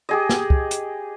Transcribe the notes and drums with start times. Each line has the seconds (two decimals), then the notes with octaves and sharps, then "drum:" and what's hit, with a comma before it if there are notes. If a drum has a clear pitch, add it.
0.09 G4 G#4 D#5
0.30 drum: snare
0.50 drum: kick
0.71 drum: hi-hat